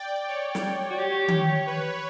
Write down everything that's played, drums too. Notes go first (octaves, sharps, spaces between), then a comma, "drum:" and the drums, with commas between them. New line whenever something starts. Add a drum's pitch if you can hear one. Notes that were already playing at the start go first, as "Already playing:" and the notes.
Already playing: D5 G5
C#5
drum: snare
F#4
G4 C#5
drum: tom D#3
B4